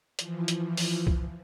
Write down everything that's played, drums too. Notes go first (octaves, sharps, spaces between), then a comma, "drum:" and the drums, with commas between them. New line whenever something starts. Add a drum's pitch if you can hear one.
E3 F3, drum: hi-hat
drum: hi-hat
drum: open hi-hat
drum: kick C2